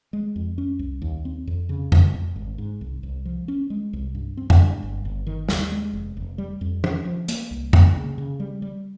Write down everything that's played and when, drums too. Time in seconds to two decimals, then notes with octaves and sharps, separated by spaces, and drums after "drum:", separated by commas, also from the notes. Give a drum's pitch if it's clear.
0.13 G#3
0.36 F2
0.58 C#4
0.79 C2
1.02 D#2
1.25 C4
1.47 F2
1.69 C#3
1.92 F2, drum: tom F2
2.14 F2
2.36 G#1
2.58 G#2
2.81 C2
3.03 C2
3.25 F3
3.48 C#4
3.70 G#3
3.93 C2
4.15 G2
4.37 C4
4.50 drum: tom F2
4.59 G2
4.83 G1
5.05 G1
5.27 D#3
5.49 D#2, drum: snare
5.72 G#3
5.93 F1
6.17 F1
6.38 G3
6.61 F2
6.84 F3, drum: tom
7.05 F3
7.28 A#3, drum: hi-hat
7.51 C2
7.73 A#3, drum: tom F2
7.95 C#3
8.18 C#3
8.40 G3
8.62 G3